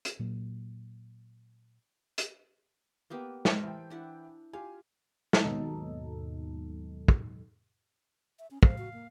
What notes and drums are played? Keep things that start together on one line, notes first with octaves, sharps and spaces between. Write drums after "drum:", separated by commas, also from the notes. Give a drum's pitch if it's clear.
drum: hi-hat
A#2 F#3 A#3
drum: hi-hat
A#3 B3 G4
A4 A#4 C5, drum: snare
E3 G5
D4 E4 F#5
F4 G4 F5 G#5
drum: snare
D#2 G#2 B2 F#3 D#4 A4
drum: kick
E5
C#4
C5 F5, drum: kick
F#4
A#3